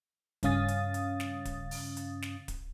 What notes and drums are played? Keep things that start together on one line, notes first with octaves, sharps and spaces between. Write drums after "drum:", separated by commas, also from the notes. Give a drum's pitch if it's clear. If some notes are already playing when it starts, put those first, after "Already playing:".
G2 C#3 C#4 F5 D#6 A6, drum: kick D1, hi-hat
drum: hi-hat
drum: hi-hat
drum: snare
drum: kick D1, hi-hat
drum: open hi-hat
drum: hi-hat
drum: snare
drum: kick D1, hi-hat